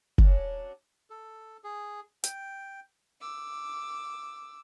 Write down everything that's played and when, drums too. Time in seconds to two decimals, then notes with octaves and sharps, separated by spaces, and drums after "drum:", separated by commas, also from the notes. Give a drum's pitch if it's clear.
0.18 F#3 C#4 D4, drum: kick F#1
1.10 A4
1.64 G#4
2.24 G5, drum: hi-hat
3.21 D6 E6